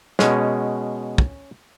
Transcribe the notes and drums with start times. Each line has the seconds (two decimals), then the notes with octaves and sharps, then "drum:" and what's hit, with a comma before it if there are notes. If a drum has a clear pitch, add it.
0.19 B2 G#3 C#4, drum: snare
1.18 drum: kick